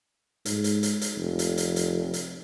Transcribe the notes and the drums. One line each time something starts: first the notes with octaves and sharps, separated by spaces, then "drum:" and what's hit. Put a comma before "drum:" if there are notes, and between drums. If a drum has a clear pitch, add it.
G#2, drum: hi-hat
drum: hi-hat
drum: hi-hat
drum: hi-hat
F1
drum: hi-hat
drum: hi-hat
drum: hi-hat
drum: hi-hat